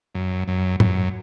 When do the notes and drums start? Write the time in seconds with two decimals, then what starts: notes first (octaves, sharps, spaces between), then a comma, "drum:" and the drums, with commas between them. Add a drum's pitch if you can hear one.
0.15 F#2
0.48 F#2
0.80 F#2, drum: tom G#2